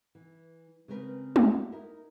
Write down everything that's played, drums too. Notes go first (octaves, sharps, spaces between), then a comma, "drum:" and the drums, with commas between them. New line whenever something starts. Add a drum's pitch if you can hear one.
E3
C#3 G#3 C4 A#4 B4
drum: tom
E4 F#4
D#4 E4 A#4